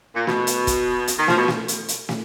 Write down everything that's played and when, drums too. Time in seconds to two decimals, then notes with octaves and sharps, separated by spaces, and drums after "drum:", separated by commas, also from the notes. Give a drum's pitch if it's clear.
0.15 A#2
0.27 B2, drum: snare
0.47 drum: hi-hat
0.67 drum: kick, hi-hat
1.08 drum: hi-hat
1.18 D#3
1.28 F3, drum: snare
1.37 B2
1.48 drum: snare
1.68 drum: hi-hat
1.88 drum: hi-hat
2.09 drum: snare